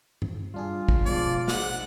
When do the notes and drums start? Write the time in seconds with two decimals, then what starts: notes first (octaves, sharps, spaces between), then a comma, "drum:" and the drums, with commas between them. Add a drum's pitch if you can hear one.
0.22 drum: tom G2
0.54 G3 D4 F4 G#4
0.88 drum: kick
1.06 B2 F3 G#3 D5
1.48 G#2 D5 F#5, drum: snare